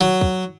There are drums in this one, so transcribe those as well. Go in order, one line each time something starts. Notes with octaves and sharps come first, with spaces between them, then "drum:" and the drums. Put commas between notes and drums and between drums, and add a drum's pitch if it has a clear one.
F#3
drum: kick